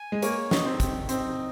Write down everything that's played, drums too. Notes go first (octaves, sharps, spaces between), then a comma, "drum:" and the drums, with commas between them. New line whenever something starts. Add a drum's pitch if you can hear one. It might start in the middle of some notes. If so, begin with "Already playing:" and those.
Already playing: G#5
G#3
A#3 C#5, drum: hi-hat
D#4, drum: snare
C4
G4, drum: kick, hi-hat
C4 D#4, drum: hi-hat